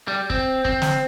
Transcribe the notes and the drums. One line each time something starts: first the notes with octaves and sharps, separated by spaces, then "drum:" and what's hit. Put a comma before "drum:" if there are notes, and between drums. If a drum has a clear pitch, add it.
G3
C4, drum: kick
C4, drum: kick
drum: snare